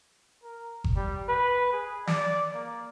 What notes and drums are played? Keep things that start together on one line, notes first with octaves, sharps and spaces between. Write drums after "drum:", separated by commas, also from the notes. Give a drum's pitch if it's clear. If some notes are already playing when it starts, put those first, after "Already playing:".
A#4
drum: kick G1
G3
B4
G#4
D5, drum: snare
A#3